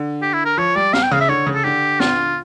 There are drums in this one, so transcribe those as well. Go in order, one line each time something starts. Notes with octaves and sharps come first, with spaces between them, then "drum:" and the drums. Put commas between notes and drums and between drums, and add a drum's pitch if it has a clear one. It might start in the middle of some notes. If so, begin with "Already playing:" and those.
Already playing: D3
G4
E4
A#4
F3 C#5
G3 D5
F5, drum: snare
G5
C#3 F5
E5
D3 C#5
C#3
A4
D3 G4
F4, drum: snare